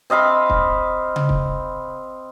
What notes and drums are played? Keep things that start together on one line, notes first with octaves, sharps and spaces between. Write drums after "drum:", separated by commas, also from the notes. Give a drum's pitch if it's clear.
C4 D#5 F5 B5
drum: kick
drum: tom C#3
drum: kick